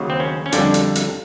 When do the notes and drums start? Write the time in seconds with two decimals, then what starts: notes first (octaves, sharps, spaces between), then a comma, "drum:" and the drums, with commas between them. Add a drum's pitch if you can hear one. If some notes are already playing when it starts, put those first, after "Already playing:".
Already playing: D#2 C#3 F#3
0.10 C4
0.20 C#4
0.46 C#4
0.52 F2 D3 G3 D4, drum: hi-hat
0.74 drum: hi-hat
0.95 drum: hi-hat